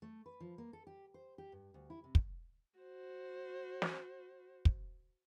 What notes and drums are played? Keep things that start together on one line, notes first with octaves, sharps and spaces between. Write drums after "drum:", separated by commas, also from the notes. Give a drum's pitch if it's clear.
A3
B4
F3
A#3
A4
G4
C5
G4
G2
D2
E4
C3
drum: kick
F#4 C5
drum: snare
drum: kick